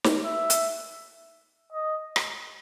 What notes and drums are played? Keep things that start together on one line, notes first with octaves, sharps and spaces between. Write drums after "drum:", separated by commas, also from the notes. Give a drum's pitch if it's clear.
drum: snare
E5
drum: hi-hat
D#5
drum: rim click